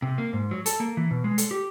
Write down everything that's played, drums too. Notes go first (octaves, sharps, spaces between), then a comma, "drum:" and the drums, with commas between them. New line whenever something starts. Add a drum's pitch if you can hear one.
C3
A#3
G#2
F#3
A4, drum: hi-hat
A#3
E3
B2
G#3
A4, drum: hi-hat
G4